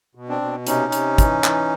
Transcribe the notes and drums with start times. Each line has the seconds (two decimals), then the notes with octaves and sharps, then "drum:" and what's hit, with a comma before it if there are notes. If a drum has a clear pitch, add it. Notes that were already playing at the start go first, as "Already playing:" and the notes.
0.15 B2
0.29 C4 D4
0.42 B2
0.67 C3 C#4 D#4, drum: hi-hat
0.92 C3, drum: hi-hat
1.18 E3, drum: kick, hi-hat
1.44 E3, drum: clap